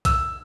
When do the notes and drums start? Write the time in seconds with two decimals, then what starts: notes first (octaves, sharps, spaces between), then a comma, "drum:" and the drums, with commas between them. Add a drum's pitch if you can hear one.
0.05 E6, drum: kick B1, hi-hat